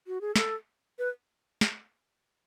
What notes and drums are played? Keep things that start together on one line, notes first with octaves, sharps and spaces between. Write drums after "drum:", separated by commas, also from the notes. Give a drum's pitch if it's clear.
F#4
G#4
A4, drum: snare
B4
drum: snare